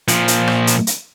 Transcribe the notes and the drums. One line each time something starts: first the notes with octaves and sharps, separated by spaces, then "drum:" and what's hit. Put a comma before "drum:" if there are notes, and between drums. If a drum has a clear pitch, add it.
A#2 F3, drum: hi-hat
drum: hi-hat
drum: rim click
drum: hi-hat
drum: hi-hat